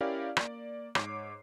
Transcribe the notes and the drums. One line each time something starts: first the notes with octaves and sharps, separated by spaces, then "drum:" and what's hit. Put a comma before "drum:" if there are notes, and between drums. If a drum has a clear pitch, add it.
C#4 E4 G4 A#4 D5 F5
A#3 D5, drum: rim click
G#2 C#5 D6 C7, drum: rim click